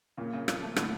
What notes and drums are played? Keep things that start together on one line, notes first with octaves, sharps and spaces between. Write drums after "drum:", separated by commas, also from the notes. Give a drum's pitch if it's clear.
A#2 C#3
C#3
F3, drum: rim click
A3
A2 D3, drum: rim click